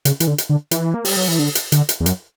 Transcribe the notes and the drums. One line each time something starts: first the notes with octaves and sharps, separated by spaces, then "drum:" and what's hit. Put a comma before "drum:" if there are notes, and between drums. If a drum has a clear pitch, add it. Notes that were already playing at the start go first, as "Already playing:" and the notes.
C#3, drum: hi-hat
E3, drum: hi-hat
D3
drum: hi-hat
D3
E3, drum: hi-hat
A#3
G3, drum: open hi-hat
F#3
E3
D3
drum: hi-hat
D3, drum: hi-hat
drum: hi-hat
E2
F#2, drum: hi-hat